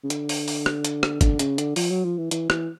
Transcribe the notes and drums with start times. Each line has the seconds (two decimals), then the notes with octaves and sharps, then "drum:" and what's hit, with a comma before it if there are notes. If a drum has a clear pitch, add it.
0.04 C#3
0.10 D3, drum: hi-hat
0.29 drum: open hi-hat
0.48 drum: open hi-hat
0.66 drum: rim click
0.85 drum: hi-hat
1.03 drum: rim click
1.21 D3, drum: kick G1, hi-hat
1.39 C#3, drum: hi-hat
1.58 D3, drum: hi-hat
1.76 F3, drum: open hi-hat
1.90 F#3
2.04 F3
2.18 E3
2.31 E3, drum: hi-hat
2.50 E3, drum: rim click